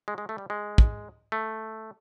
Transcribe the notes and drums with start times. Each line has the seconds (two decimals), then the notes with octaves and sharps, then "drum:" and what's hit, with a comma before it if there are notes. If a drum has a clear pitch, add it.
0.08 G#3
0.18 G#3
0.29 A3
0.38 G3
0.50 G#3
0.78 drum: kick
1.32 A3